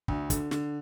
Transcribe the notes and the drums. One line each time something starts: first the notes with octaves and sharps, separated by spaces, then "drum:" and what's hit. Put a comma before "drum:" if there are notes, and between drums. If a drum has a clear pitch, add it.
D2, drum: kick
D3, drum: kick, hi-hat
D3, drum: snare